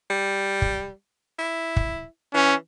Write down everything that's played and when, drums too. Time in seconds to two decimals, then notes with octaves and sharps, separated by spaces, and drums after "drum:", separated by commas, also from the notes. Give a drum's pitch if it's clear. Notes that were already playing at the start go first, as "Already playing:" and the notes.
0.10 G3
0.62 drum: kick
1.39 E4
1.76 drum: kick
2.34 E3 C#4